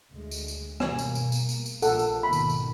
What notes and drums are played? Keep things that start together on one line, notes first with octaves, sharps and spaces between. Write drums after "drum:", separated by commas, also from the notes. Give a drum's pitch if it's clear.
D2 G#3
drum: tambourine
drum: tambourine
G2 B2 A#3 G#5, drum: rim click
drum: tambourine
drum: tambourine
drum: tambourine
drum: tambourine
drum: tambourine
A#1 F3 A#3 A4 F#5, drum: tambourine
drum: tambourine
G#2 B2 D#3 B5
drum: tambourine
drum: tambourine